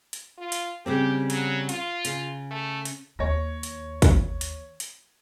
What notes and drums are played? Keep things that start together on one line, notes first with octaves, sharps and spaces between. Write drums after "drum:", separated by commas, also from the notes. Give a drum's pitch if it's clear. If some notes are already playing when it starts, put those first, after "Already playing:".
drum: hi-hat
F4
drum: hi-hat
C#3 G3 C4 G4
F#3, drum: hi-hat
F4, drum: hi-hat
C#3, drum: hi-hat
A3
drum: hi-hat
D#2 C#5 A#6
drum: hi-hat
drum: kick, hi-hat
drum: hi-hat
drum: hi-hat